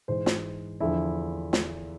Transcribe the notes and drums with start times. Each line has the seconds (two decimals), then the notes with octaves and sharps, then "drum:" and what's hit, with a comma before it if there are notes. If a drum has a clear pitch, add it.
0.08 G#2 E3 C5
0.26 drum: snare
0.80 E2 D3 F3 E4
1.53 drum: snare